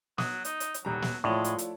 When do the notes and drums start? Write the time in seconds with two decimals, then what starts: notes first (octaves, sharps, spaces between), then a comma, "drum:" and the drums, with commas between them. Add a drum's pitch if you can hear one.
0.18 F#3 D#6, drum: snare
0.45 D#4, drum: hi-hat
0.60 drum: hi-hat
0.74 drum: hi-hat
0.85 D#1 F#3 G3 A#5
1.02 drum: snare
1.24 A2 F3 G#3 A3 E4 F4 C#5 D5
1.44 drum: hi-hat
1.58 drum: hi-hat